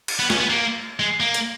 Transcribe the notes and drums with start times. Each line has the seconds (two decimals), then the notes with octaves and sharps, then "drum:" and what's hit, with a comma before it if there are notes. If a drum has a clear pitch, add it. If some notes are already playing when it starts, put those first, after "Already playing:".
0.08 drum: cymbal
0.19 B3
0.30 C#4, drum: snare
0.40 B3
0.50 A#3
1.00 G#3
1.20 A#3
1.34 drum: hi-hat